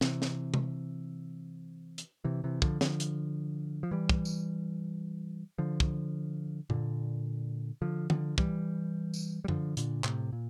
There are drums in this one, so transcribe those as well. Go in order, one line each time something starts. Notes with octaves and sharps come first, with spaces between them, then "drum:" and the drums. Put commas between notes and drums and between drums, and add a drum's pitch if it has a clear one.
C3 E3, drum: snare
drum: snare
drum: tom
drum: hi-hat
C3 E3
C3 E3
D3 F3, drum: kick
D3 F3, drum: snare
drum: hi-hat
F3
E3 G3
drum: kick
drum: tambourine
D3 F3
drum: kick
A#2 D3, drum: tom F#2
D3 F3
D3 F3, drum: tom
E3 G3, drum: kick
drum: tambourine
G3
D3 F3, drum: tom F#2
A#2 D3, drum: hi-hat
A2 C3, drum: clap
A#2